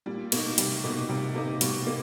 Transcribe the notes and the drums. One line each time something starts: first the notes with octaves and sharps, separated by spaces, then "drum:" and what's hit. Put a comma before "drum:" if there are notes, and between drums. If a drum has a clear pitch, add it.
A#2 G3
B2 A#3 D#4, drum: cymbal
C3 G3, drum: hi-hat
B2 A#3 D#4
C3 G3
C3 A#3 D#4
B2 G3, drum: hi-hat
A#3